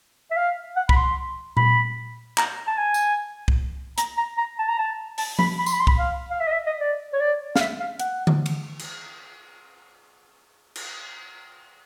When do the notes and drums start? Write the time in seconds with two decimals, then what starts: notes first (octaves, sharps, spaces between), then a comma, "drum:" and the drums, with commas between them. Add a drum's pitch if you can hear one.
0.31 E5
0.37 F5
0.76 F#5
0.89 B5, drum: kick
0.96 C6
1.57 B5, drum: tom A#2
2.38 A#5, drum: clap
2.67 A5
2.78 G#5
2.94 drum: tambourine
3.48 drum: kick
3.98 A#5, drum: hi-hat
4.17 A#5
4.38 A#5
4.59 A5
4.68 A#5
4.78 A5
5.18 A5, drum: open hi-hat
5.39 B5, drum: tom F3
5.58 B5
5.66 C6, drum: tambourine
5.73 B5
5.80 C6
5.87 B5, drum: kick
5.98 F5
6.30 F5
6.40 E5
6.47 D#5
6.52 E5
6.66 D#5
6.79 D5
7.13 C#5
7.20 D5
7.56 F5, drum: snare
7.60 E5
7.80 F5
8.00 F#5, drum: hi-hat
8.27 drum: tom D3
8.46 drum: cymbal
8.79 drum: cymbal
10.75 drum: cymbal